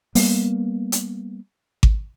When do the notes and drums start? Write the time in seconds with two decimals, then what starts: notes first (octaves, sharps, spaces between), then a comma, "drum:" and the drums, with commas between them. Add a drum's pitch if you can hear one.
0.15 G3 A#3 B3, drum: open hi-hat
0.92 drum: hi-hat
1.83 drum: kick G#1